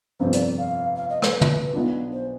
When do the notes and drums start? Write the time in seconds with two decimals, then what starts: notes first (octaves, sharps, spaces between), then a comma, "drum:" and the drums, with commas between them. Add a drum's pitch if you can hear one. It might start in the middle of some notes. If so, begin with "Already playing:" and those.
0.20 G1 F2 C3 C5
0.32 D5, drum: hi-hat
0.58 F5
0.96 F5
1.10 D#5
1.22 B4, drum: rim click
1.41 drum: tom
1.73 B1 B2 B3 D4 F4
2.12 C5